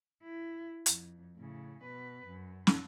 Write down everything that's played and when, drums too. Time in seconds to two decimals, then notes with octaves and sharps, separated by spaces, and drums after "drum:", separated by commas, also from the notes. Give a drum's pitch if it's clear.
0.23 E4
0.86 F2, drum: hi-hat
1.37 A2 C#3
1.83 B2 B4
2.27 F#2
2.67 drum: snare